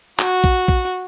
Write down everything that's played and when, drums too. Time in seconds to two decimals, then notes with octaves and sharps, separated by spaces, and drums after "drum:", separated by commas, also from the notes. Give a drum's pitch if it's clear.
0.19 F#4, drum: clap
0.44 drum: kick A#1
0.68 drum: kick A#1